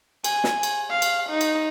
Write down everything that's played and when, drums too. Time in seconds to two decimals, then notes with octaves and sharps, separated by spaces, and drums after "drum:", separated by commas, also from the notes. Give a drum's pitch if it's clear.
0.24 G#5, drum: cymbal
0.44 drum: snare
0.63 drum: cymbal
0.90 F5
1.02 drum: cymbal
1.30 D#4
1.41 drum: cymbal